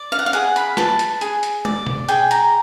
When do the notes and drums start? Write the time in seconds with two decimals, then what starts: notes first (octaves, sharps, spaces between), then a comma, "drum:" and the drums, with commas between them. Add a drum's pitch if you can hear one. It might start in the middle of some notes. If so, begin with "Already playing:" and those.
Already playing: D5
0.12 F5
0.19 F#5
0.26 F5
0.33 G#4 F#5, drum: hi-hat
0.56 B5, drum: hi-hat
0.77 B4 A5, drum: snare
0.99 drum: hi-hat
1.21 G#4, drum: hi-hat
1.43 drum: hi-hat
1.65 D5, drum: tom
1.87 drum: tom B2
2.09 G#4 G5, drum: hi-hat
2.31 A#5, drum: hi-hat